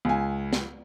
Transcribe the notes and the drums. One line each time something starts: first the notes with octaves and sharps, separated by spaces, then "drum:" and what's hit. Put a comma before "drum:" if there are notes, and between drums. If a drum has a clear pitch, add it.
C#2 G#5
drum: snare